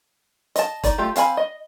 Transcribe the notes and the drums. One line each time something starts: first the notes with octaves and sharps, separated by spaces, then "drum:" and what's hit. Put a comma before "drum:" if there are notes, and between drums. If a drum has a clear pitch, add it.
D#5 A5, drum: hi-hat
D#4 D5, drum: kick, hi-hat
A3 F4 G4
C4 F5 G#5 B5, drum: hi-hat
D#5